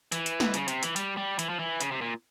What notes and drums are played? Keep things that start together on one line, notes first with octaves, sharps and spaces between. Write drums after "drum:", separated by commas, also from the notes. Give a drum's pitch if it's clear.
E3, drum: hi-hat
drum: hi-hat
drum: snare
C#3, drum: hi-hat
C3, drum: hi-hat
E3, drum: hi-hat
G3, drum: hi-hat
G3
E3, drum: hi-hat
F3
E3
C#3, drum: hi-hat
C3
A#2